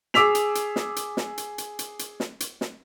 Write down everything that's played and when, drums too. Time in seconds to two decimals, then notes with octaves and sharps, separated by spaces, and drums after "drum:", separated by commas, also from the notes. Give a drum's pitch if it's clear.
0.14 G#4 D6 E6 B6 F7, drum: snare
0.35 drum: hi-hat
0.55 drum: hi-hat
0.76 drum: snare
0.96 drum: hi-hat
1.17 drum: snare
1.38 drum: hi-hat
1.58 drum: hi-hat
1.79 drum: hi-hat
1.99 drum: hi-hat
2.20 drum: snare
2.40 drum: hi-hat
2.61 drum: snare